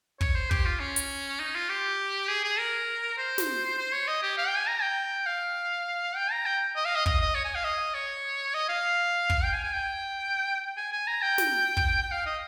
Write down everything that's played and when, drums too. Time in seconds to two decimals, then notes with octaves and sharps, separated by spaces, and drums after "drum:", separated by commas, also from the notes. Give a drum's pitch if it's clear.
0.21 C#5, drum: kick
0.35 C5
0.51 G4, drum: kick
0.66 F4
0.80 C#4
0.96 drum: hi-hat
1.40 D#4
1.55 F4
1.69 G4
2.28 G#4
2.44 G#4
2.59 A#4
3.18 C5
3.38 drum: snare
3.78 C5
3.93 C#5
4.08 D#5
4.23 G4
4.38 F5
4.47 G5
4.57 G#5
4.67 A#5
4.82 G5
5.26 F5
6.16 G5
6.32 A#5
6.46 G5
6.76 D#5
6.85 F5
6.95 D#5
7.06 D#5, drum: kick
7.21 D#5
7.35 C#5
7.45 G#5
7.55 F5
7.64 D#5
7.94 C#5
8.54 D#5
8.69 F5
9.30 drum: kick
9.43 G5
9.53 G#5
9.63 G#5
9.73 G5
10.77 G#5
10.92 G#5
11.07 A#5
11.22 G5
11.38 drum: snare
11.77 drum: kick
12.02 G5
12.12 F5
12.26 D#5